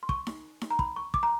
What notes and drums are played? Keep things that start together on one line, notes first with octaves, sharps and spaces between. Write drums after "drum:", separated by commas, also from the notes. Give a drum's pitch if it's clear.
C6
C#6, drum: kick
drum: snare D#4
drum: snare D#4
A#5
B5, drum: kick
C#6
D6, drum: kick
A#5